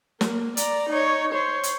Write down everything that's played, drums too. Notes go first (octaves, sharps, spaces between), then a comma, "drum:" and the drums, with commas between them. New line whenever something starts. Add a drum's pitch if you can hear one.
A#3, drum: snare
D5 A#5, drum: hi-hat
D#4 C#5
C5 C#5
drum: hi-hat